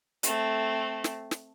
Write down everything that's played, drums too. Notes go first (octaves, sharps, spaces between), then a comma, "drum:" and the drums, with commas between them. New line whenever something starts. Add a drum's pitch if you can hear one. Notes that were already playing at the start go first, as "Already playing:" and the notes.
A3 C4, drum: hi-hat
drum: snare
drum: snare